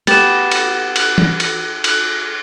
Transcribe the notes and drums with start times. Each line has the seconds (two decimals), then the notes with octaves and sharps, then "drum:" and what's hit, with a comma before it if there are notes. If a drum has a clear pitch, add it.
0.07 B3 G4 A6 E7, drum: cymbal
0.51 drum: cymbal
0.96 drum: cymbal
1.18 drum: tom E3
1.40 drum: cymbal
1.84 drum: cymbal